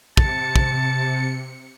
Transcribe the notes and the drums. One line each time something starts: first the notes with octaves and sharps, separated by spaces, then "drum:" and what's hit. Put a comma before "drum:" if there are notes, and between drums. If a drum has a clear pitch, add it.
C3 A5 C#7, drum: kick
drum: kick